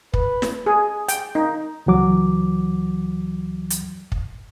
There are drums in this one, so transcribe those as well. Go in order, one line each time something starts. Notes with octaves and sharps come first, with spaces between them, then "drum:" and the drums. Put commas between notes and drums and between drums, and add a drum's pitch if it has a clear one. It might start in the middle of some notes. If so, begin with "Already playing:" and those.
B4, drum: kick
drum: snare
G#4
G5, drum: hi-hat
D#4
C#2 E3 F#3 D6
drum: hi-hat
drum: kick